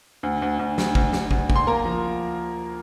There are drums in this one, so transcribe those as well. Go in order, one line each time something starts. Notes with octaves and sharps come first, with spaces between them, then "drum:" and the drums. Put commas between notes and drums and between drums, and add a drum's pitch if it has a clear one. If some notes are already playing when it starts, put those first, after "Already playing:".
D2
D2
D2
D2, drum: snare
D2, drum: kick
D2, drum: snare
D2, drum: kick
D2, drum: kick
C6
A#3 A#4 A#5
F3